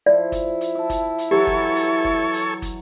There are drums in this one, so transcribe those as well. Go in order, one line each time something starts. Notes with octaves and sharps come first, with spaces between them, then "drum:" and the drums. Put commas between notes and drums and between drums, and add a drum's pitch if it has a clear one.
F3 E4 D5
drum: kick, hi-hat
drum: hi-hat
E5 A5
drum: kick, hi-hat
drum: hi-hat
E3 F#3 G4 A4 C#5 C#6
drum: kick
drum: hi-hat
drum: kick
drum: hi-hat
drum: kick, hi-hat